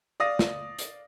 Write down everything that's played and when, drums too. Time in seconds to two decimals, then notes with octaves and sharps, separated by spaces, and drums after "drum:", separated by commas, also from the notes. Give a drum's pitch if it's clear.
0.20 D5 F5 D#6 A#6
0.39 drum: snare
0.79 drum: hi-hat